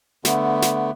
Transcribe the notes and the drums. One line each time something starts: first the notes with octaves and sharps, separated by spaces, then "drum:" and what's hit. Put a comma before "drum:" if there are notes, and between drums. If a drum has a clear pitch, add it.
D3 A3 B3, drum: snare
drum: snare